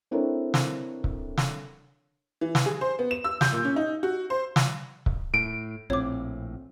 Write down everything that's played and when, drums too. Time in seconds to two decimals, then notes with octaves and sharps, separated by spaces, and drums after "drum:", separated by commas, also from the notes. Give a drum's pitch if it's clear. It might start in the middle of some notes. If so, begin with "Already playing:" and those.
0.11 C4 D4 E4 A4 A#4 C#5
0.54 drum: snare
1.04 drum: kick C#1
1.38 drum: snare
2.41 E3
2.55 drum: snare
2.66 G#4
2.81 C5
2.99 B3
3.11 E7
3.24 E6
3.41 G6, drum: snare
3.52 A#2
3.65 C#4
3.76 D#4
4.03 F#4
4.30 C5
4.56 drum: snare
5.06 drum: kick C#1
5.34 A2 D7
5.90 A#1 A2 C4 F4 C#5 D6